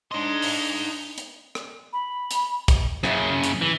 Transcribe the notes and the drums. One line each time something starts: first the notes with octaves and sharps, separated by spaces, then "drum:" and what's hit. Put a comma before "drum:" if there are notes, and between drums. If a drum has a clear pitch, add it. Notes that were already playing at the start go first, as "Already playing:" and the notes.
D4 D#4 D#5 C6
drum: open hi-hat
drum: hi-hat
drum: rim click
B5
drum: hi-hat
drum: kick, hi-hat
F#2 C#3, drum: rim click
drum: hi-hat
E3